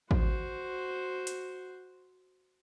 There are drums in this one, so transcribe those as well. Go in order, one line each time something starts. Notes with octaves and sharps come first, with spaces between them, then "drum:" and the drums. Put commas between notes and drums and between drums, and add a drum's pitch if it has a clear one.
F#4 C5, drum: kick
drum: hi-hat